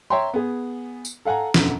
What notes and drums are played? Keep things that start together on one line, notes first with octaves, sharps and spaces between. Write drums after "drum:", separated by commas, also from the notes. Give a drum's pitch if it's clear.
C#5 E5 G5 A#5 C6
B3 G#4
drum: tambourine
A4 F5 F#5 G#5 A#5
E1 F#2 D3, drum: snare